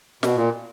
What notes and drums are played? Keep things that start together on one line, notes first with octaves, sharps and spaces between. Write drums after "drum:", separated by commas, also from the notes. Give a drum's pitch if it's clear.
B2, drum: snare
A#2